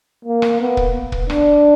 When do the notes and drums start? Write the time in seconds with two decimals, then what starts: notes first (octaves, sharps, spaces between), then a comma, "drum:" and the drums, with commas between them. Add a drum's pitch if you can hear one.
0.25 A#3
0.42 drum: rim click
0.60 B3
0.77 drum: kick
1.12 drum: kick
1.30 D4, drum: rim click